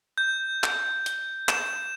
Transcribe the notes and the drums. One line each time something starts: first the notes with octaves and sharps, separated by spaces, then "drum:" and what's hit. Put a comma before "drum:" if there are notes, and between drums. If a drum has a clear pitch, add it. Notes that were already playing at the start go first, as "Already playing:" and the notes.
G6
drum: clap
drum: hi-hat
E7, drum: clap